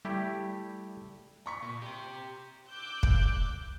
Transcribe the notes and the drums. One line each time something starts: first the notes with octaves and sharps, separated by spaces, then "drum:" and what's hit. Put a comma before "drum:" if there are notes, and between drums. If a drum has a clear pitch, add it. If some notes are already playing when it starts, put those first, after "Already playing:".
G3 A3 E4 G4
A#5 C#6 B6
A#2
G4 C6
D6 E6 F#6 G6
drum: kick